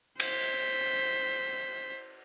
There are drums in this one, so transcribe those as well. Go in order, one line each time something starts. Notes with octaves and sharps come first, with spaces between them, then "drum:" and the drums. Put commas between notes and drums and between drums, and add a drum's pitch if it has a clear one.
C5 B6, drum: cymbal